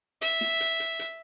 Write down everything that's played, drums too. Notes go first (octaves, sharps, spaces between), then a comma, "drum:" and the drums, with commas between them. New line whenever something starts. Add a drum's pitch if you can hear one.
E5, drum: hi-hat
drum: snare
drum: hi-hat
drum: hi-hat
drum: hi-hat